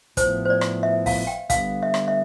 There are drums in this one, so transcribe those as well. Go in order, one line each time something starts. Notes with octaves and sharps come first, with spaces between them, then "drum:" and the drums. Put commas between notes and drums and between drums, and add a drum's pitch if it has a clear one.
A2 F3 B3 E4 C5, drum: kick, hi-hat
C5
D5
drum: rim click
E5
F5, drum: kick, open hi-hat
G5
D3 G3 B3 F5, drum: kick, hi-hat
E5
drum: rim click
E5